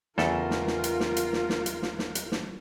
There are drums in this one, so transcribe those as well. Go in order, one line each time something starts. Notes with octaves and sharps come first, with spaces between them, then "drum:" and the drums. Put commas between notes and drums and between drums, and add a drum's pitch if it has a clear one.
E2 C#3 F4 A4 A#4, drum: snare
drum: snare
drum: snare
drum: hi-hat
drum: snare
drum: hi-hat
drum: snare
drum: snare
drum: hi-hat
drum: snare
drum: snare
drum: hi-hat
drum: snare